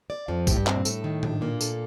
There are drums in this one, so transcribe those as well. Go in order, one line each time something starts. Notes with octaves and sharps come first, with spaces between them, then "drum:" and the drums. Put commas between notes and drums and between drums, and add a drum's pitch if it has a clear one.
D5
F2 F3
A2 G4, drum: kick B1, tambourine
G2
C4, drum: clap
A#2
A2 A4, drum: tambourine
D#3
D4, drum: tom A2
A#2 A#3
A4, drum: tambourine